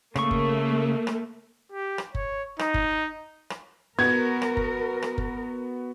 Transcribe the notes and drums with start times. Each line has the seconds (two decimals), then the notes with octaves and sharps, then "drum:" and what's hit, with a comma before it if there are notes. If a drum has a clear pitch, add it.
0.16 C#3 A3 A#3 C#6, drum: rim click
0.31 drum: kick F#1
1.07 drum: rim click
1.72 G4
1.98 drum: rim click
2.15 C#5, drum: kick F#1
2.59 D#4, drum: rim click
2.74 drum: kick F#1
3.50 drum: rim click
3.99 B3 F#4 A#4 G#6
4.42 drum: rim click
4.57 drum: kick F#1
5.02 drum: rim click
5.18 drum: kick F#1